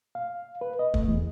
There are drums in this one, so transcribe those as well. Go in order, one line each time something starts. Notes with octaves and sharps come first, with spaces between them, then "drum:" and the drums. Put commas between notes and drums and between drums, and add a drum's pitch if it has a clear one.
F5
B4
D#5
A3, drum: kick
E2